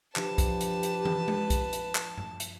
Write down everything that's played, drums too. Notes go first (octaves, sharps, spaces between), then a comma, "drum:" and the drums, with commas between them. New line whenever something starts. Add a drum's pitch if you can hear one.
F3 D4 G4 B4 A5, drum: clap
drum: kick B1, hi-hat
drum: hi-hat
drum: hi-hat
drum: tom
drum: tom G#3
drum: kick B1, hi-hat
drum: hi-hat
drum: clap
drum: tom G2
drum: hi-hat